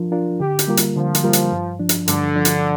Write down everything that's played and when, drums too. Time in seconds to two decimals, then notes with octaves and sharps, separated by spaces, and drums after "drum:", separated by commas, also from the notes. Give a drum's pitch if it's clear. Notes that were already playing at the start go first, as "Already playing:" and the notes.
Already playing: F3 D4 F4 A#4
0.12 D4 F4 A#4
0.40 D3 G4
0.59 drum: hi-hat
0.68 G3 A#3 F4 A#4
0.77 drum: hi-hat
0.96 D3 F3
1.15 drum: hi-hat
1.24 G3 A#3 F4 A#4
1.33 drum: hi-hat
1.52 G2
1.79 F3 D4
1.89 drum: hi-hat
2.08 G2 D3, drum: hi-hat
2.35 F3 D4
2.45 drum: hi-hat